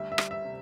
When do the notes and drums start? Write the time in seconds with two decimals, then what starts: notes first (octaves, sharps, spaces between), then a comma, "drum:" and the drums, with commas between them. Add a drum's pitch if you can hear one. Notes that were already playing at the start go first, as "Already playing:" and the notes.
Already playing: D2 G3 E5
0.12 E5
0.18 G3, drum: rim click
0.31 E5
0.45 C3